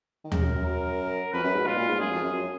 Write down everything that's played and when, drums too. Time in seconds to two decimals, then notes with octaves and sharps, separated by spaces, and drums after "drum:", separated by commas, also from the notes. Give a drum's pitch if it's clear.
0.24 D#3
0.32 C#3 A#4, drum: tom D#2
0.43 F#2
0.55 F#2
0.65 A#4
1.33 F2 B4
1.43 F#2
1.55 G#2
1.66 B2 F4
1.77 A#2
1.88 G#2
1.99 F#2 G#4
2.10 F2
2.22 F#2
2.33 F#2